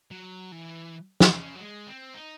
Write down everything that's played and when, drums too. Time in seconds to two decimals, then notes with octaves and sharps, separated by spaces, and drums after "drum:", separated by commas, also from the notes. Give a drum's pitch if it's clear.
0.11 F#3
0.52 E3
1.20 drum: snare
1.33 C#3
1.56 F#3
1.61 G#3
1.88 C4
2.14 D#4